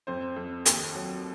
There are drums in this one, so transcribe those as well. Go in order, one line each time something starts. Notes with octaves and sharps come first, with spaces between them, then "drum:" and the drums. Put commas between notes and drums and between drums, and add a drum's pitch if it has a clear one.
F2 C5
F2
D#2, drum: hi-hat
F#3